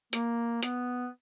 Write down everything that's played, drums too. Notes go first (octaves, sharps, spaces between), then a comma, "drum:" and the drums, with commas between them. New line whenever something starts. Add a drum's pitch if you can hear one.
A#3, drum: hi-hat
B3, drum: hi-hat